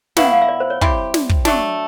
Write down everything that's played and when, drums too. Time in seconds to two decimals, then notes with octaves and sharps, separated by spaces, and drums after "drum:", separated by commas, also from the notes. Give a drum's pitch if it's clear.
0.17 B2 F#3 B3 E4 F5, drum: snare
0.24 F#5
0.32 F5
0.42 E5
0.48 D5
0.60 C5
0.70 C#5
0.81 G3 C4 E4 G4, drum: kick
1.14 D5, drum: snare
1.29 drum: kick
1.45 F#3 A3 D4, drum: snare